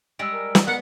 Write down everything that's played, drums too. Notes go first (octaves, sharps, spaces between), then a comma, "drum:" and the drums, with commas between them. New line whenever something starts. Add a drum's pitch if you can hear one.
G3 G#3 E6 D7
A#4
drum: snare
B3 A#4 F#5